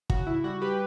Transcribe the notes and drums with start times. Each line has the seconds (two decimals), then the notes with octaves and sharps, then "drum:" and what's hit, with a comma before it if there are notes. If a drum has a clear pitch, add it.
0.10 C#3 F#4, drum: kick
0.27 C#3 E4
0.44 G3 F#4
0.61 G3 G4 B4